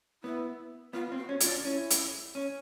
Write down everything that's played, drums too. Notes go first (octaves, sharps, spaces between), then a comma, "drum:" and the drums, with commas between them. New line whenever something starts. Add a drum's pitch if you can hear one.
B3 E4
B3 F4
C4
F#4
C#4
F4, drum: hi-hat
D4
C#4 E4
drum: hi-hat
C#4